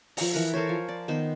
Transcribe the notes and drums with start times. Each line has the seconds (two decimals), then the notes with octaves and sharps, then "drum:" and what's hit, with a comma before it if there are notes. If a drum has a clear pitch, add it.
0.17 F3 A#5, drum: open hi-hat
0.33 E3 A#4 B4
0.54 A4 A#4 C5 C#5
0.67 F3 G#5
0.89 D5
1.08 D#3 B3 C5